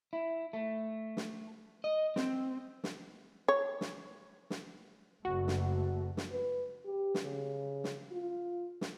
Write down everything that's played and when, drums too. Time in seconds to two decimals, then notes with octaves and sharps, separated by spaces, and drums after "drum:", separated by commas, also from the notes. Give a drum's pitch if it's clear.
0.13 E4
0.53 A3
1.17 drum: snare
1.84 D#5
2.16 C4, drum: snare
2.84 drum: snare
3.48 C#5
3.81 drum: snare
4.50 drum: snare
5.25 F#1 A3 F#4
5.48 drum: snare
6.17 drum: snare
6.32 B4
6.85 G4
7.15 drum: snare
7.24 C#3
7.84 drum: snare
8.12 F4
8.81 drum: snare